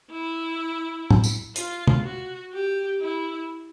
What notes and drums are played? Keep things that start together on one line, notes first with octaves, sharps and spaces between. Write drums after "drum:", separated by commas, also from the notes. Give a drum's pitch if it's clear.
E4
drum: tom
drum: tambourine
F4, drum: hi-hat
drum: tom
F#4
G4
E4